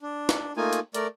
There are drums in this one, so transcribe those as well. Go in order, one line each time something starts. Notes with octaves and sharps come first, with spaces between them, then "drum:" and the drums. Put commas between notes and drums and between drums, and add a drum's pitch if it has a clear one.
D4
drum: snare
A3 A#3 D#4 F4 G#5
drum: hi-hat
A3 A#4 D5, drum: hi-hat